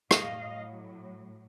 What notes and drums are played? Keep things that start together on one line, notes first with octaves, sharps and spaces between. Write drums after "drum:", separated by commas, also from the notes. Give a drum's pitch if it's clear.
A2 F#3 D#5 F5, drum: rim click